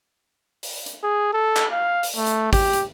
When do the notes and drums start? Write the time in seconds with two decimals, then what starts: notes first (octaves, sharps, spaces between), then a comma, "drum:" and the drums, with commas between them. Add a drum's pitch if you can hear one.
0.63 drum: open hi-hat
0.86 drum: hi-hat
1.03 G#4
1.33 A4
1.56 drum: clap
1.72 F5
2.03 drum: open hi-hat
2.16 A3
2.27 drum: hi-hat
2.53 G4, drum: kick, open hi-hat
2.73 drum: hi-hat